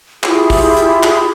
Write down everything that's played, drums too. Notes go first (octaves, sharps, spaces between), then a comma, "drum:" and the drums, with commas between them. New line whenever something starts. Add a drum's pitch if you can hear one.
E4 F4 G4 G#4, drum: clap
drum: kick, open hi-hat
drum: hi-hat
drum: clap